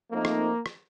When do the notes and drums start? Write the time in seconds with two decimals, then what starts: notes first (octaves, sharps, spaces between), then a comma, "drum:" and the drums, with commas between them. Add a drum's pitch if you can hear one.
0.11 F3 A3 A#3 C4 D#4
0.25 drum: rim click
0.66 drum: rim click